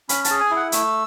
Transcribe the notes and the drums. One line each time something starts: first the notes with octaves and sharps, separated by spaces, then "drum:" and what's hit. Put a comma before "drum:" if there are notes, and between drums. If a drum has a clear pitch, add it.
C#4 B5, drum: hi-hat
A5, drum: hi-hat
G#4
G#5
E4
F#5
A3 E6, drum: hi-hat